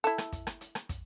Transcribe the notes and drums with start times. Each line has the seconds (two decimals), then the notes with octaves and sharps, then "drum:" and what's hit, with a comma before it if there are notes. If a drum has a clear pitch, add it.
0.04 E4 A4, drum: hi-hat
0.18 drum: rim click
0.32 drum: kick, hi-hat
0.47 drum: rim click
0.61 drum: hi-hat
0.75 drum: rim click
0.89 drum: kick, hi-hat